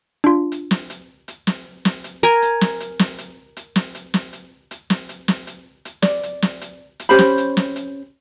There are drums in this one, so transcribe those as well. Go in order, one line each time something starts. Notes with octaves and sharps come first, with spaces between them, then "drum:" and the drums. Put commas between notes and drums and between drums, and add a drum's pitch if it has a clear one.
D4 F4
drum: hi-hat
drum: snare
drum: hi-hat
drum: hi-hat
drum: snare
drum: snare
drum: hi-hat
A#4 G#5
drum: hi-hat
drum: snare
drum: hi-hat
drum: snare
drum: hi-hat
drum: hi-hat
drum: snare
drum: hi-hat
drum: snare
drum: hi-hat
drum: hi-hat
drum: snare
drum: hi-hat
drum: snare
drum: hi-hat
drum: hi-hat
D5, drum: snare
drum: hi-hat
drum: snare
drum: hi-hat
drum: hi-hat
C#4 G4 C5 B5
drum: snare
drum: hi-hat
drum: snare
drum: hi-hat